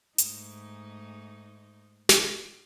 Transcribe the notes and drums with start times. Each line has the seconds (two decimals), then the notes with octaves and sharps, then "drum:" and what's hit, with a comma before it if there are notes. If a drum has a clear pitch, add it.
0.18 G#2 A3 D#4, drum: hi-hat
2.09 drum: snare